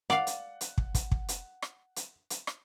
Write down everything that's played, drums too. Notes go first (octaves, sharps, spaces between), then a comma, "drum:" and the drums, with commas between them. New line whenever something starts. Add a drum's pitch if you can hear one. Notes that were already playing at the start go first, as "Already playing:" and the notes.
D5 F5 F#5, drum: rim click
drum: hi-hat
drum: hi-hat
drum: kick
drum: kick, hi-hat
drum: kick
drum: hi-hat
drum: rim click
drum: hi-hat
drum: hi-hat
drum: rim click